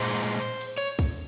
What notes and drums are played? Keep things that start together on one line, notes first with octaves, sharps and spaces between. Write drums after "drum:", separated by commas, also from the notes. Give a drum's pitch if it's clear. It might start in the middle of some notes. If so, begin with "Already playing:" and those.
Already playing: A#2 G#3 C5
drum: cymbal
drum: cymbal
C#5
drum: kick, cymbal